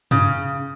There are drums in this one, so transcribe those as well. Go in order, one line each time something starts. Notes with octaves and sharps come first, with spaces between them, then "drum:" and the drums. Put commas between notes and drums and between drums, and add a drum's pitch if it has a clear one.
C#3, drum: tom